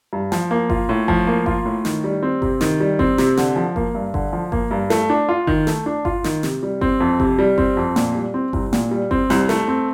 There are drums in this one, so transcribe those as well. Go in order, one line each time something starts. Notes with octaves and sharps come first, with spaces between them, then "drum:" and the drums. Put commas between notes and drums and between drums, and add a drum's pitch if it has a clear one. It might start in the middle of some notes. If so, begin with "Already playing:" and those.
G2
F3, drum: snare
A#3
F4, drum: kick G1
A2
F3, drum: kick G1
A#3
F4, drum: kick G1
A2
D#3, drum: snare
G3
C4
C3, drum: kick G1
D#3, drum: snare
G3
C4, drum: kick G1
C3, drum: snare
D3, drum: snare
F3
A#3, drum: kick G1
G2
D3, drum: kick G1
F3
A#3, drum: kick G1
G2
A3, drum: snare
D4
F4
D#3, drum: kick G1
A3, drum: snare
D4
F4, drum: kick G1
D#3, drum: snare
C3, drum: snare
G3
C4, drum: kick G1
F2
C3, drum: kick G1
G3
C4, drum: kick G1
F2
A#2, drum: snare
G3
C4
C2, drum: kick G1
A#2, drum: snare
G3
C4, drum: kick G1
C2, drum: snare
A3, drum: snare
C4